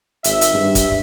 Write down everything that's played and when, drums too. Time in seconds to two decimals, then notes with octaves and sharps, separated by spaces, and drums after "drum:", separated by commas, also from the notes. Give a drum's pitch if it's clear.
0.24 G#1 E5, drum: hi-hat
0.41 drum: hi-hat
0.53 G2
0.75 drum: kick, hi-hat